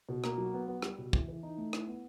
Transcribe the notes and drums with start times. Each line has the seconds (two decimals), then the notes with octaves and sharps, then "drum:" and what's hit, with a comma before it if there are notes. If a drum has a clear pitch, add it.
0.09 B2
0.24 A#3, drum: rim click
0.38 F#3
0.54 B3
0.68 B3
0.82 G3, drum: rim click
0.98 B2
1.13 E3, drum: kick
1.28 E3
1.43 D#4
1.58 A3
1.73 E4, drum: rim click
1.88 B3